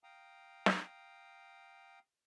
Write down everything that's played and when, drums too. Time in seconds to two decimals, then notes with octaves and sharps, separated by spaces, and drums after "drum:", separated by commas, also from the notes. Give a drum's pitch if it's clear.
0.03 F5 G5 A#5 D#6
0.66 drum: snare